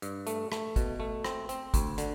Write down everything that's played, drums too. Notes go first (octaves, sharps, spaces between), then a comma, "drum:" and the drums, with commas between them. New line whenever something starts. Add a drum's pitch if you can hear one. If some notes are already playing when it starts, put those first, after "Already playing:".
G2, drum: hi-hat
A3, drum: hi-hat
A3, drum: rim click
B2, drum: kick, hi-hat
A3
C4, drum: rim click
C4, drum: hi-hat
D2, drum: kick, hi-hat
D3, drum: hi-hat